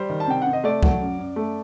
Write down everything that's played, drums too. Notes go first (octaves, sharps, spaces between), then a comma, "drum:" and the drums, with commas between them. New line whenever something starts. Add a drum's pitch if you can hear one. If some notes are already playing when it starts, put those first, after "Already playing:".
Already playing: G3 C5
D#3
A5
C3 G5
F#5
C3
D#5
A3 D5
F#3, drum: kick C2
F#2
F#2
A3